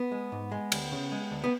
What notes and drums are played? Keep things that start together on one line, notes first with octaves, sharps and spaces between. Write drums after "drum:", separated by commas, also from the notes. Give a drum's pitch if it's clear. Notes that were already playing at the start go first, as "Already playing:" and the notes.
Already playing: B3
G#3
G#2
G#3
D2, drum: cymbal
C#3
G#3
D2
B3